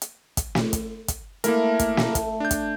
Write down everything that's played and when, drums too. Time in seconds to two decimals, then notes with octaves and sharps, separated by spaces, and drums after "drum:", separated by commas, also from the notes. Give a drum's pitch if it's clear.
0.02 drum: hi-hat
0.37 drum: kick, hi-hat
0.55 drum: snare
0.73 drum: kick, hi-hat
1.08 drum: kick, hi-hat
1.44 A3 A#3 E4 A#4, drum: hi-hat
1.79 drum: kick, hi-hat
1.97 drum: snare
2.15 drum: kick, hi-hat
2.40 D4 G6
2.51 drum: kick, hi-hat